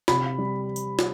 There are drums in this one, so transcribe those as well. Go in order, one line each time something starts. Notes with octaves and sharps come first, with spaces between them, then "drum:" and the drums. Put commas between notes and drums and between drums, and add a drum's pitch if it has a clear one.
C3 B5, drum: snare
G3
drum: tambourine
drum: snare